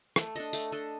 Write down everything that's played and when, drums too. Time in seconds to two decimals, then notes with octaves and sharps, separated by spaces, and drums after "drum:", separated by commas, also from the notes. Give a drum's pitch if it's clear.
0.16 A3, drum: rim click
0.36 D4 A4 D#5
0.53 A3, drum: tambourine
0.72 D4 A4 D#5